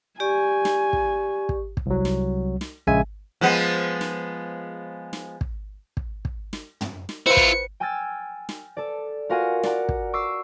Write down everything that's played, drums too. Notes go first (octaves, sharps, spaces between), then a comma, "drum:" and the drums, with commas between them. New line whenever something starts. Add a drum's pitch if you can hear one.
G4 D5 G#5 C#6
drum: snare
drum: kick
drum: kick
drum: kick
C2 F#3
drum: snare
drum: snare
A#1 C#3 G#3 E5 G#5, drum: kick
F3 G#3 B3
drum: snare
drum: snare
drum: kick
drum: kick
drum: kick
drum: snare
drum: tom
drum: snare
E4 F4 B4 C5 C#7
drum: kick
G5 G#5 E6 F6 G#6 A6
drum: snare
A4 D5
F4 F#4 A#4 F5 F#5 G#5
D5 F#5 A#5, drum: snare
drum: kick
C#6 D6 E6 C7